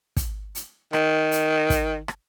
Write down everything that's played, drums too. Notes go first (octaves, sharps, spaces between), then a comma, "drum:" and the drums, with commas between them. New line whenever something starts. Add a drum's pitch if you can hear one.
drum: kick, hi-hat
drum: hi-hat
D#3, drum: rim click
drum: hi-hat
drum: kick, hi-hat
drum: rim click